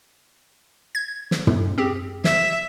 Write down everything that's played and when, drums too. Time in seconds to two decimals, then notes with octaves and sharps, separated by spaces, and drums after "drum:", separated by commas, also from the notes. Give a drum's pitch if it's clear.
0.95 G#6
1.31 drum: snare
1.47 drum: tom
1.78 C4 G4 G#4
2.24 E5, drum: snare